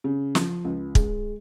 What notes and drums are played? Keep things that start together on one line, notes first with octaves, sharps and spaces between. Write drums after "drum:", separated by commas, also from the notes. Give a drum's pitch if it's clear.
C#3
F3, drum: snare
C#2
G#3, drum: kick